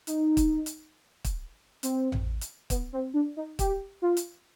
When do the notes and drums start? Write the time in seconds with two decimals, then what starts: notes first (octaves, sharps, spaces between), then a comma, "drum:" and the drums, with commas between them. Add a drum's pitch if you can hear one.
0.07 D#4, drum: hi-hat
0.37 drum: kick, hi-hat
0.66 drum: hi-hat
1.24 drum: kick, hi-hat
1.83 C4, drum: hi-hat
2.12 drum: tom A1
2.41 drum: hi-hat
2.70 B3, drum: kick, hi-hat
2.93 C4
3.14 D4
3.37 D#4
3.59 G4, drum: kick, hi-hat
4.02 F4
4.17 drum: hi-hat